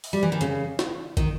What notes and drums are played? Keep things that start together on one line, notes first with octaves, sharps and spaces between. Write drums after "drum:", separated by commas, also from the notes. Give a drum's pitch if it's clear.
drum: open hi-hat
G3
E3
D#3
C#3, drum: hi-hat
drum: snare
D#3, drum: kick, hi-hat